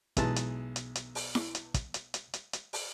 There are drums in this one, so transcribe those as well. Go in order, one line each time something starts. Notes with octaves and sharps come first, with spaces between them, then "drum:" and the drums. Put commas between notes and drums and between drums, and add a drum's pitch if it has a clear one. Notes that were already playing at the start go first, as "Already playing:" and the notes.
B1 E3 G#3 A5, drum: kick, hi-hat
drum: hi-hat
drum: hi-hat
drum: hi-hat
drum: open hi-hat
drum: snare E4
drum: hi-hat
drum: kick, hi-hat
drum: hi-hat
drum: hi-hat
drum: hi-hat
drum: hi-hat
drum: open hi-hat